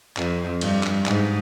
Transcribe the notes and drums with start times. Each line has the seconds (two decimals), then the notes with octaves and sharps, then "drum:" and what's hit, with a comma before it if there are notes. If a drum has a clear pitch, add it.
0.17 F2, drum: clap
0.61 G2, drum: cymbal
0.83 drum: clap
1.06 G#2, drum: clap